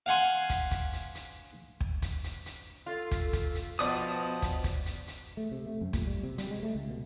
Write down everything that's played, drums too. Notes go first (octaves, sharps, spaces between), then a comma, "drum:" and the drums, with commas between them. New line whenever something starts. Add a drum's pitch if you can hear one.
F5 F#5 G#5 C6
drum: kick, hi-hat
drum: kick, hi-hat
drum: hi-hat
drum: hi-hat
drum: kick
drum: kick, hi-hat
drum: hi-hat
drum: hi-hat
F4 A4
drum: kick, hi-hat
drum: kick, hi-hat
drum: hi-hat
B2 F3 B3 D5 D#6, drum: hi-hat
drum: kick, hi-hat
drum: kick, hi-hat
drum: hi-hat
drum: hi-hat
A3
C3
A3
F#2
A#2, drum: kick, hi-hat
G3
C3
G3, drum: hi-hat
G#3
A3
C#2
B2